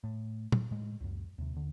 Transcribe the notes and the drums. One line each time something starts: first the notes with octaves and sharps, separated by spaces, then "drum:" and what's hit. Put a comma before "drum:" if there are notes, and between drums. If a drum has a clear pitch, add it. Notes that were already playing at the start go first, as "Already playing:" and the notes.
A2
drum: tom A#2
A2 G#3
C#2 F#2
D#2 C3
D#2 D3